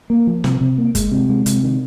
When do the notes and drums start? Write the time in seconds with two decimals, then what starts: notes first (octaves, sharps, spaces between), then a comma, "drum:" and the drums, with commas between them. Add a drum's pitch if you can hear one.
0.10 A#3
0.27 F3
0.44 C3, drum: snare
0.61 C3
0.78 A#3
0.95 G#3, drum: kick F#1, hi-hat
1.11 C3
1.29 G#3
1.46 C3, drum: hi-hat
1.63 D#3